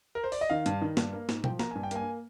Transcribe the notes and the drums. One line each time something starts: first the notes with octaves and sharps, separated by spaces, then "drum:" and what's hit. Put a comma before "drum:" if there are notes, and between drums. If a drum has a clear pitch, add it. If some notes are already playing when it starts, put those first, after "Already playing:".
A#4
C5
D5, drum: open hi-hat
D#5
D#3 F5
G2, drum: hi-hat
D#3
G2, drum: snare
A#3
G#2, drum: snare
F3 G5, drum: tom B2
A#3 A#5, drum: snare
G2 G#5
G5
A#3 G#5, drum: hi-hat